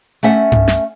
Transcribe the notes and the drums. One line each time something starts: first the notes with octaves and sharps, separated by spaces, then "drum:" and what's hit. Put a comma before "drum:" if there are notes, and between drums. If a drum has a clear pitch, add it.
A3 C#4 E5 F#5
drum: tom G2
drum: snare